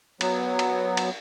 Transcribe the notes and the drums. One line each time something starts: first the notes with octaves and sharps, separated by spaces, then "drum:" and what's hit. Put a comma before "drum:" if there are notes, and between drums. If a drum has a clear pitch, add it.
F#3 B3, drum: cymbal
drum: cymbal
drum: cymbal